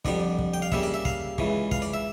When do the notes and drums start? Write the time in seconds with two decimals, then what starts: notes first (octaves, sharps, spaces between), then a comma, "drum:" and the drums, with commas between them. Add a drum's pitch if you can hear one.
0.05 F2 D3 G3 D5, drum: kick
0.39 drum: kick
0.54 G5
0.62 F5
0.72 C#3 G3 A#3 E5, drum: kick
0.83 D5
0.94 E5
1.05 F5, drum: kick
1.38 C#2 C#3 E3, drum: kick
1.71 F5, drum: kick
1.82 D5
1.94 E5